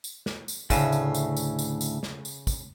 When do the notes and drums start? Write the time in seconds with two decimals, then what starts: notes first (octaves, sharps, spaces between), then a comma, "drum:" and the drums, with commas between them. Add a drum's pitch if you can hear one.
0.04 drum: tambourine
0.26 drum: snare
0.48 drum: tambourine
0.70 D2 A2 C#3, drum: kick, tambourine
0.92 drum: tambourine
1.14 drum: tambourine
1.37 drum: tambourine
1.59 drum: tambourine
1.81 drum: tambourine
2.03 drum: snare
2.25 drum: tambourine
2.47 drum: kick, tambourine